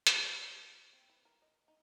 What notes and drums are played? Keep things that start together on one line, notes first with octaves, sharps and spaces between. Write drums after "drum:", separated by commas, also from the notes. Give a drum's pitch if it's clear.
A3, drum: hi-hat
C#5
G#4
C4
B4
A#4
D#5
D#4